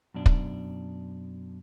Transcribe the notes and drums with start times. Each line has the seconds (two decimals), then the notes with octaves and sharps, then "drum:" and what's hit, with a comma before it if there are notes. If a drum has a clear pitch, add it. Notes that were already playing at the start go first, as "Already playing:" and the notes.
0.14 F#2 B2 D4
0.26 drum: kick